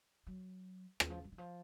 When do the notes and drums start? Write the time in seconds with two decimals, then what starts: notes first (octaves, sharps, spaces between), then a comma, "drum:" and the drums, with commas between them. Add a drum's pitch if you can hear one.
0.27 F#3
1.00 D#3, drum: rim click
1.10 F3
1.24 F#3
1.32 D#3
1.38 F3